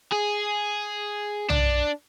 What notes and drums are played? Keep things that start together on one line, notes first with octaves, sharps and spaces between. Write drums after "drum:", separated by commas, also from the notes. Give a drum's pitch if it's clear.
G#4
D4, drum: tom B1